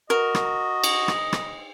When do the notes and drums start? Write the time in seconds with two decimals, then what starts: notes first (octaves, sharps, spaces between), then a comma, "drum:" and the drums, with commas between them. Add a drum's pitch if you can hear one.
0.10 F#4 A#4 D#5
0.35 drum: rim click
0.84 drum: cymbal
1.08 drum: rim click
1.33 drum: rim click